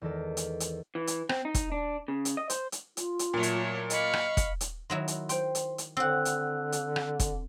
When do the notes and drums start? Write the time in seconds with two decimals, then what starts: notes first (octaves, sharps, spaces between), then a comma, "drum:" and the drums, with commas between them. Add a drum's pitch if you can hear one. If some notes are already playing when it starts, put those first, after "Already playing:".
0.01 E2 D#3 G#3 A4 D5
0.37 drum: hi-hat
0.60 drum: hi-hat
0.95 E3
1.07 drum: hi-hat
1.29 C4, drum: rim click
1.45 D#4
1.54 drum: kick, hi-hat
1.72 D4
2.08 C#3
2.25 drum: hi-hat
2.37 D#5
2.50 C5, drum: hi-hat
2.72 drum: hi-hat
2.97 F4, drum: hi-hat
3.19 drum: hi-hat
3.34 A#2 F#3 A3 C#5
3.43 drum: hi-hat
3.90 D#5 F5 B5 C#6, drum: hi-hat
4.13 drum: rim click
4.37 drum: kick, hi-hat
4.61 drum: hi-hat
4.90 D#3 F#3 E4 C6
5.08 drum: hi-hat
5.29 C5 G5 C6, drum: hi-hat
5.55 drum: hi-hat
5.78 drum: hi-hat
5.97 D3 C4 F#5 E6 F#6
6.25 drum: hi-hat
6.72 drum: hi-hat
6.96 drum: rim click
7.20 drum: kick, hi-hat